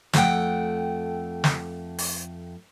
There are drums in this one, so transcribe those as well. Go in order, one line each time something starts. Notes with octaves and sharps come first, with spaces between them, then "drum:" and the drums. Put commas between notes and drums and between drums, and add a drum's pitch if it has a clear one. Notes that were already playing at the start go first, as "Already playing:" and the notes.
F2 A3 F#4 F#5 G5, drum: snare
drum: snare
drum: open hi-hat